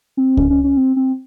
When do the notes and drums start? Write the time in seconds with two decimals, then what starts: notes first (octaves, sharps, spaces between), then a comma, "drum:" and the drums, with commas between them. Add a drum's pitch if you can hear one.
0.17 C4
0.37 C#4, drum: kick C#2
0.50 C#4
0.64 C#4
0.77 C4
0.96 C4